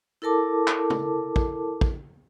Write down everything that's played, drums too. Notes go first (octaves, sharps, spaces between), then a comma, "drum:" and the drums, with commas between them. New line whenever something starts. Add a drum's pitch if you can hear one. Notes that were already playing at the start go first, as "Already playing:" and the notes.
E4 A4 A#4 A5 D6
drum: clap
drum: tom
drum: kick
drum: kick